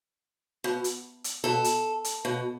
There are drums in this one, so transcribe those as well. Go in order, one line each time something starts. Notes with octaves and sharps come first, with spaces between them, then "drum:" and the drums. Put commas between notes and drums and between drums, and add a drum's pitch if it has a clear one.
B2
drum: hi-hat
drum: hi-hat
B2 A4
drum: hi-hat
drum: hi-hat
B2